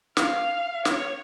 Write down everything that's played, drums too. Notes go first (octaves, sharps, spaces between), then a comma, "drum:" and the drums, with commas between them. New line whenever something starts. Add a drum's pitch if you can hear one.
F5, drum: snare
C#5, drum: snare